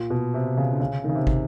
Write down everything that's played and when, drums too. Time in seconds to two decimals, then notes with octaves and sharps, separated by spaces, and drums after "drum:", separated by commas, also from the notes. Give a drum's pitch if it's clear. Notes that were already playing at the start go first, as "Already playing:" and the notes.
Already playing: A#2
0.10 B2
0.34 C3
0.57 C#3
0.72 D3
0.81 C#3
1.04 D#3
1.09 C#3
1.15 C3
1.27 drum: kick